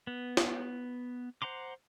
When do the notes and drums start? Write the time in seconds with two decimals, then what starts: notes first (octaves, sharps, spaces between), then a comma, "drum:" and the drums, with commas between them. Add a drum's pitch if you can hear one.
0.07 B3
0.37 drum: snare
1.42 C5 F#5 A#5 C6 D6